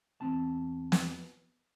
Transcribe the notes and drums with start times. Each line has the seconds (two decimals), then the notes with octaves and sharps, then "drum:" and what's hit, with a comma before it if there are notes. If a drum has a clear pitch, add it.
0.21 E2 G2 C4 A5
0.92 drum: snare